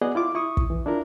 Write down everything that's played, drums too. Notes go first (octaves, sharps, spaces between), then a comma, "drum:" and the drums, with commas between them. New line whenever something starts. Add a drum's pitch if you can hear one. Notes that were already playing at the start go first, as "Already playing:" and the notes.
B3 F#4 G#4 D5 D#5 F#5
E4 F4 D6
E4 C#6 D#6
drum: kick
E3
D4 E4 F4 A#4